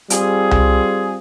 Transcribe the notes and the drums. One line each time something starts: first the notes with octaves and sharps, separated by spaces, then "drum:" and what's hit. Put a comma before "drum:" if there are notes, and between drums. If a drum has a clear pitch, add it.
G3 C4 F4 G#4, drum: hi-hat
drum: tom C2